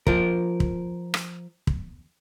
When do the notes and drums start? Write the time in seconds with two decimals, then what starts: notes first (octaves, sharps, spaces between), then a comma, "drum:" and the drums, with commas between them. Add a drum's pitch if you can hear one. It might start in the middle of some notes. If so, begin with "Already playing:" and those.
0.07 F3 A#4, drum: kick
0.60 drum: kick
1.14 drum: rim click
1.67 drum: kick